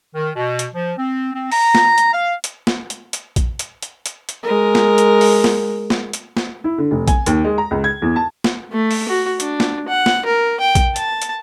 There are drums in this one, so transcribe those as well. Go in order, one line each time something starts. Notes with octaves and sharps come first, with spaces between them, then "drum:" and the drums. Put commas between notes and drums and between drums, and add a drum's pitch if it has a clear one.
D#3
B2
drum: hi-hat
F3
C4
C4
A#5, drum: open hi-hat
drum: snare
drum: hi-hat
F5
drum: hi-hat
drum: snare
drum: hi-hat
drum: hi-hat
drum: kick A#1, hi-hat
drum: hi-hat
drum: hi-hat
drum: hi-hat
drum: hi-hat
G#3 A#4
drum: snare
drum: hi-hat
drum: open hi-hat
drum: snare
drum: snare
drum: hi-hat
drum: snare
E4
D3
F1
G#5, drum: kick A#1, hi-hat
D#2, drum: hi-hat
G#3
A#5
C#2
G#6
E2
A5
drum: snare
A3
drum: open hi-hat
F#4
D4, drum: hi-hat
drum: snare
F#5
drum: snare
A#4
G5
drum: kick A#1, hi-hat
A5, drum: hi-hat
drum: hi-hat